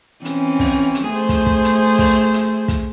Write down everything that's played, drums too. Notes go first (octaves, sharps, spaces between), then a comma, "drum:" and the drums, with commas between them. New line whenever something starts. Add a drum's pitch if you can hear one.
E3 C4 C#4, drum: hi-hat
drum: kick, open hi-hat
drum: hi-hat
A3 G#4 C5
drum: kick, hi-hat
drum: kick
drum: hi-hat
drum: kick, open hi-hat
drum: hi-hat
drum: kick, hi-hat